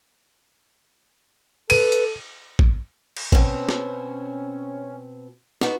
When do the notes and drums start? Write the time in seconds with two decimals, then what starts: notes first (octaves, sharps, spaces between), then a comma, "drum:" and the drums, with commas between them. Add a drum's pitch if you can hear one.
1.70 A4 B4 D#7, drum: cymbal
1.92 drum: hi-hat
2.59 drum: kick
3.17 drum: cymbal
3.32 B2 C4 C#4, drum: kick
3.69 drum: snare
5.61 B3 D#4 F#4, drum: snare